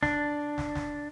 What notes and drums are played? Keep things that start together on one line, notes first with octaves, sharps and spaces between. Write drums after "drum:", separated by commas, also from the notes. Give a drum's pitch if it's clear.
D4, drum: snare
drum: snare
drum: snare